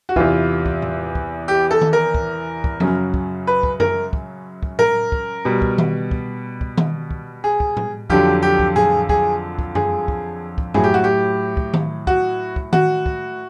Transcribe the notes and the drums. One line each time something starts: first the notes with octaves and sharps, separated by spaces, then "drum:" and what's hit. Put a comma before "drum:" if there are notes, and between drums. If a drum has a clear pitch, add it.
F#4
E2 C3 E3 F4, drum: kick
drum: kick
drum: tom A2
drum: kick
G4
A4
drum: tom D#3
A#4
drum: kick
drum: kick
F#2 C#3 F#3, drum: tom F3
drum: kick
B4
drum: kick
A#4, drum: tom F#2
drum: kick
drum: kick
A#4, drum: tom A2
drum: kick
B2 G3
drum: kick
drum: tom D#3
drum: kick
drum: kick
drum: tom D#3
drum: kick
G#4
drum: kick
drum: tom A2
F2 D3 F#3 G4, drum: kick
G4
drum: kick
G#4, drum: tom A2
G#4, drum: kick
drum: kick
G#4, drum: tom F#2
drum: kick
drum: kick
A2 F#3 G#4, drum: tom F#2
G4
F#4
G4
drum: kick
drum: tom D#3
F#4, drum: kick
drum: kick
F#4, drum: tom D#3
drum: kick